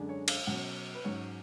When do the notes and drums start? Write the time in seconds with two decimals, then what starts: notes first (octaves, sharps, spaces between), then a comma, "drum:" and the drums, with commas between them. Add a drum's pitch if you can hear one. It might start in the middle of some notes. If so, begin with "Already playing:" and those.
Already playing: F#2 D3 G#3 D4
0.09 C#5
0.28 F5, drum: cymbal
0.47 B2 F#3 C#4 F#5
0.94 B4
1.04 G#2 F#3 C#4 C#5